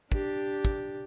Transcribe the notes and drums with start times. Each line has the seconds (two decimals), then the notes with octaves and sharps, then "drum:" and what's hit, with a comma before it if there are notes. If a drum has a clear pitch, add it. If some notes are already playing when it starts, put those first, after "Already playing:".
0.12 D4 G4, drum: kick
0.65 drum: kick